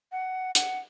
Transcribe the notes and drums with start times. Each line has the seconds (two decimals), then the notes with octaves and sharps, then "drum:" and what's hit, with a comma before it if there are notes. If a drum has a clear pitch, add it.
0.12 F#5
0.55 F#5, drum: hi-hat